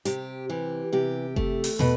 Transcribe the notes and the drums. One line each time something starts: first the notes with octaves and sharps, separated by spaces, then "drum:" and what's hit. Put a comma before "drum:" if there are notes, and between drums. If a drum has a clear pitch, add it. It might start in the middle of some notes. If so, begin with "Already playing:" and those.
C3 G4, drum: hi-hat
E3 G4
C3 G4
A3, drum: kick F#1
drum: open hi-hat
B2 B4, drum: tom